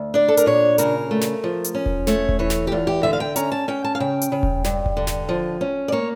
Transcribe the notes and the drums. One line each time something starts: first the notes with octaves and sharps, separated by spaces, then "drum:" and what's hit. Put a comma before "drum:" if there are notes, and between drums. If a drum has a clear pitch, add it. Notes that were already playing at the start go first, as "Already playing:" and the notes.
Already playing: D2
D4 D5
A4
A#4, drum: hi-hat
A#2 C#5
C#3 A#4, drum: hi-hat
A3
drum: snare
F3
drum: hi-hat
C#4
drum: kick E1
A3 C#5, drum: snare
drum: kick E1
E3 C#5
drum: snare
G4
E2 F4
G4
D3 E5
F5
G5
C#4 A#5, drum: hi-hat
A5
C#4 G5
A5
F5
C#3 G5
drum: hi-hat
C#3
drum: kick E1
G2, drum: snare
drum: kick E1
D3
drum: snare
F3
C#4
D5
A#3 C#5